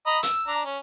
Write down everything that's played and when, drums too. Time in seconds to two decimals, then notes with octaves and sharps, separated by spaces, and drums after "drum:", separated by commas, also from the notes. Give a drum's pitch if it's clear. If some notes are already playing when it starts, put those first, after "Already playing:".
0.06 D#5 A#5 B5
0.23 E6, drum: hi-hat
0.48 D4 A#5
0.65 C#4